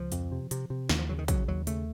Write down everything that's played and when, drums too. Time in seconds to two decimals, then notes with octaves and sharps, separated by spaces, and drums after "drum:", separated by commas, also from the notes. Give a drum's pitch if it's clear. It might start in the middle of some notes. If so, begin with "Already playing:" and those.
Already playing: C#2 F3
0.12 F2, drum: hi-hat
0.32 C3
0.51 C3, drum: hi-hat
0.70 C3
0.89 D#2 D#3, drum: snare
0.99 F3
1.09 C#3 F#3
1.18 D#3
1.28 C#3 F#3, drum: kick, hi-hat
1.48 D#2 F#3
1.67 C#3 A3, drum: hi-hat